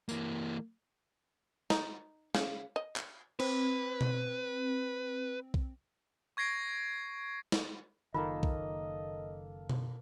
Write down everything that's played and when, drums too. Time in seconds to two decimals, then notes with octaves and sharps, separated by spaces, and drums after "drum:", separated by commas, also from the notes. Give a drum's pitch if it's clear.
0.09 E3 A#3, drum: tambourine
1.70 D#4, drum: snare
2.35 C#3, drum: snare
2.76 D#5
2.96 drum: clap
3.40 C4 B4, drum: cymbal
4.01 drum: tom B2
5.54 drum: kick B1
6.37 C#6 G#6 A#6 C7 D7
7.52 drum: snare
8.14 F#1 D#3 A#3 F4 A4 D#5 E6
8.43 drum: kick B1
9.70 drum: tom B2